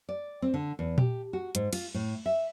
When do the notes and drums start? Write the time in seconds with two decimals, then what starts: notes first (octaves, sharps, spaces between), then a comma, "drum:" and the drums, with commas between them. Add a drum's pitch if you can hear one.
0.09 D5
0.42 C4
0.54 D3
0.79 E2
0.98 G4, drum: tom A#2
1.33 F#4
1.55 G#2, drum: hi-hat
1.73 F4, drum: cymbal
1.94 A2
2.26 E5